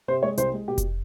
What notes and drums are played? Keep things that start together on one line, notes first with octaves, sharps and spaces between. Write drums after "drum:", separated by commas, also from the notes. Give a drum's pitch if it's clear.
C3 C5
G#3 C#5
C2 C5, drum: hi-hat
G#3
B2 G4
drum: kick F1, hi-hat